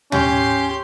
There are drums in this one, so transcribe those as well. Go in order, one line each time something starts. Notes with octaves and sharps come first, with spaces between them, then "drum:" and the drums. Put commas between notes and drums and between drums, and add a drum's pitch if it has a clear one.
C#4 G4 C6, drum: tom